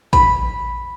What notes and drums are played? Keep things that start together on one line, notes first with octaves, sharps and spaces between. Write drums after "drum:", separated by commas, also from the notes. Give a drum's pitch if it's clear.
B5, drum: kick A1